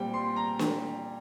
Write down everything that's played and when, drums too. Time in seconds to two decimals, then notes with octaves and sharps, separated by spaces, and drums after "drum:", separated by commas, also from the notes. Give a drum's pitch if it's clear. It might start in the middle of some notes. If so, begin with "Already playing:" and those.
Already playing: A#2 G3 C4 G5
0.14 C6
0.36 A#5
0.59 drum: snare